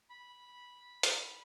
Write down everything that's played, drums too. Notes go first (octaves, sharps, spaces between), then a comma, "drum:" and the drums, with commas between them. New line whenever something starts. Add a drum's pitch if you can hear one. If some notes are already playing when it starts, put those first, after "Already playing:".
B5
drum: hi-hat